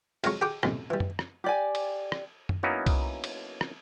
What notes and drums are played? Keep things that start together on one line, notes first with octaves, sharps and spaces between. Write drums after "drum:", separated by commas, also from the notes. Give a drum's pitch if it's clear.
F2 F#3 G#3 F5 C#6, drum: cymbal
G4 G#4 F#5 G5 D6
B1 F#2 A2 C3, drum: rim click
E3 G3
drum: tom F#2
drum: rim click
G4 D5 G#5
drum: cymbal
drum: rim click
drum: tom F#2
F#3 A#3 B3 C#4 D#4 E4
drum: kick C2, cymbal
drum: cymbal
drum: rim click